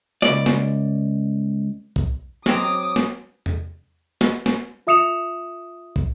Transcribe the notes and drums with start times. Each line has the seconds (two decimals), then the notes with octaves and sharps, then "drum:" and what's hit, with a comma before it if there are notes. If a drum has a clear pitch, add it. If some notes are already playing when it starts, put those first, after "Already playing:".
0.22 C#2 D5, drum: snare
0.46 drum: snare
1.96 drum: kick
2.46 F#3 C4 A#5 D6 D#6, drum: snare
2.96 drum: snare
3.46 drum: tom E2
4.21 drum: snare
4.46 drum: snare
4.87 F4 E5 D#6 C#7 E7 F7
5.96 drum: kick